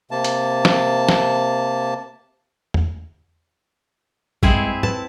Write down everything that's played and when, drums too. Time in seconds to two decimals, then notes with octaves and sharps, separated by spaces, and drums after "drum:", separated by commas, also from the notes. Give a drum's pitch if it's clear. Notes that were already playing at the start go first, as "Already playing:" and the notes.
0.11 C3 A#3 A5
0.24 drum: hi-hat
0.65 drum: snare
1.09 drum: snare
2.74 drum: tom E2
4.43 G2 G#3 C4 E4 G#4, drum: kick A1
4.83 B4 A5, drum: tom